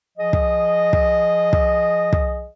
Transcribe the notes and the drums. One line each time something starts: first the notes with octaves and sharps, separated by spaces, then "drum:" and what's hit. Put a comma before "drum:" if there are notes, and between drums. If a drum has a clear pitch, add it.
F3 G#4 D#5
drum: kick
drum: kick
drum: kick
drum: kick